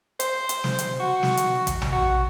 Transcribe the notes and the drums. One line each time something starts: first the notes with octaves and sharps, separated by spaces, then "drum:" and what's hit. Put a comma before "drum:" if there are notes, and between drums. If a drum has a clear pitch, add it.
C5, drum: hi-hat
drum: hi-hat
drum: snare
drum: hi-hat
F#4
drum: snare
drum: hi-hat
drum: kick, hi-hat
drum: tom A#1
F#4